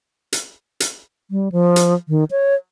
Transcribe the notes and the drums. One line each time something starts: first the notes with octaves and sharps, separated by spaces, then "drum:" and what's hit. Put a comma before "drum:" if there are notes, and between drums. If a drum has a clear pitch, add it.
drum: hi-hat
drum: hi-hat
G3
F3
drum: hi-hat
D#3
C#5